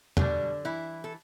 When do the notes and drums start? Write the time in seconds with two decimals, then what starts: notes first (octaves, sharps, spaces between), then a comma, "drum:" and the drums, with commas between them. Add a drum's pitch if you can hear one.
0.17 B2 D3 G3 D4, drum: tom E2
0.65 E3 E4
1.04 A4